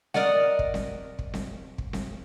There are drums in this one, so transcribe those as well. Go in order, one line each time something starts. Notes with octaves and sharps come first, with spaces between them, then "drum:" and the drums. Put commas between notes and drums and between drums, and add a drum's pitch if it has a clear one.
A#4 D5 D#5 F#5, drum: snare C4
drum: kick
drum: snare C4
drum: kick
drum: snare C4
drum: kick
drum: snare C4